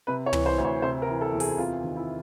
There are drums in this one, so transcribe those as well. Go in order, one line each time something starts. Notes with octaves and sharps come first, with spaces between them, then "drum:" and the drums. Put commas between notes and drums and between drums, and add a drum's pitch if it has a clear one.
C3 B4
C#5
E3, drum: tom
C5
D2
C#5
C3 C5
A#4
E3
A4
E2
G#4, drum: open hi-hat
C3 F4
D#3
E4